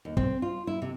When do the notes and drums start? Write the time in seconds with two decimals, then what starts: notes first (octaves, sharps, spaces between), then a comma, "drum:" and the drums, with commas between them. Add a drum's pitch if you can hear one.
0.05 D#2
0.17 C4, drum: kick
0.42 F4
0.67 E4
0.82 C3